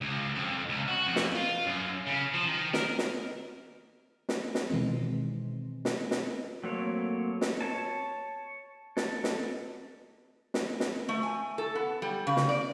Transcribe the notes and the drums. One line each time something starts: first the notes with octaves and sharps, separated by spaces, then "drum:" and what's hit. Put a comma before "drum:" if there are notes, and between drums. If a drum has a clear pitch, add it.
C#2
F2
C#2
F#4
F2
drum: snare
F4
F#2
C#3
F3
D#3
A#4, drum: snare
drum: snare
drum: snare
drum: snare
B2 D#3 E3 G#3 C4
drum: snare
drum: snare
F#3 A3 A#3 C4 C#5
drum: snare
C#5 A5
A4, drum: snare
drum: snare
drum: snare
drum: snare
A3
G#5
A4
B3
G3
C#3
drum: snare
D5